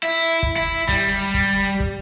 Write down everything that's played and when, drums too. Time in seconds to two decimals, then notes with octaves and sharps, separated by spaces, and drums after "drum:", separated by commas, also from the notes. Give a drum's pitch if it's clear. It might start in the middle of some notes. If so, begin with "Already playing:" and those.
0.03 E4
0.43 drum: kick
0.56 E4
0.88 G3, drum: kick
1.34 drum: kick
1.80 drum: kick